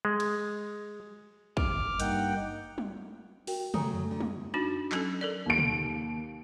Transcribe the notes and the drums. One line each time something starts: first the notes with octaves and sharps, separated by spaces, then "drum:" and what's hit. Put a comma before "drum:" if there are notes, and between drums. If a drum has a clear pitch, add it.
G#3
drum: cymbal
D6 F6, drum: kick
G2 A#3 D#4 F#5 G5, drum: hi-hat
drum: tom
F#4 A#4 G5, drum: open hi-hat
F#3 A3 G#5 A#5 D#6, drum: tom
F#2
D3
drum: tom
D4 D#4 F#4
F#3 C#4 A4, drum: clap
A4 A#4 D5
D#2 D7
drum: tom